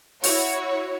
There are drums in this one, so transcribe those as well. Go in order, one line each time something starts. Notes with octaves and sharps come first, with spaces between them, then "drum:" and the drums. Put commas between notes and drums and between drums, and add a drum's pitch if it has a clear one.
E4 F#4 C#5, drum: open hi-hat